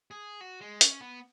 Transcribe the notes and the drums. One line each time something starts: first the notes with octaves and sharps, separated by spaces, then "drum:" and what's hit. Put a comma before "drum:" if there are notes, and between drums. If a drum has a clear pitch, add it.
G#4
F#4
G#3
C#4, drum: hi-hat
B3